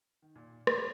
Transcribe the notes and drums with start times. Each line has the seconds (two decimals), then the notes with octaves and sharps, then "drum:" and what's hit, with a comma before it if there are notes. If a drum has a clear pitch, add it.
0.22 D#3
0.36 A#2
0.67 D6, drum: rim click